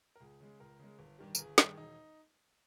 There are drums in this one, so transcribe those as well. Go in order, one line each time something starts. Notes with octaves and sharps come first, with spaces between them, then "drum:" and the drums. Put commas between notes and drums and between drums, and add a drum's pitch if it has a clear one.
A#4
C#2 G#4
C#3 G#3
C#2 A#4
C#3 G#3
G1
G2 D#3 G3
A#4, drum: tambourine
G1 G#4
G2 D#3 G3 G#4, drum: snare
E1 D#4